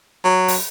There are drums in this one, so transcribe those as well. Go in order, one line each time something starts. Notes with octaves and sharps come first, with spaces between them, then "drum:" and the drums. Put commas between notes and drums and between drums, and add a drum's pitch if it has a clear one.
F#3
drum: open hi-hat